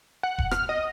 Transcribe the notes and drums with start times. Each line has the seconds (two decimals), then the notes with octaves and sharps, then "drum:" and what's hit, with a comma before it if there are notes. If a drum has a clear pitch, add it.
0.23 F#5
0.38 drum: kick E1
0.51 F6, drum: rim click
0.69 D#5